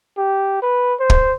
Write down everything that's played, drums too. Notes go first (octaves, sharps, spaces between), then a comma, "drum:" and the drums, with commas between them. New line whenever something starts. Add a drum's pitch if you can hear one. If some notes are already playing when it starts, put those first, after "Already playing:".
G4
B4
C5
drum: kick